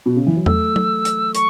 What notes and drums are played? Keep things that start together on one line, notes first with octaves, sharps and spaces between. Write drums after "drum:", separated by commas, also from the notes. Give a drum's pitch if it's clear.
B2
C#3
E3
F#3
A3 E6, drum: tom E2
drum: tom
drum: hi-hat
C#6, drum: hi-hat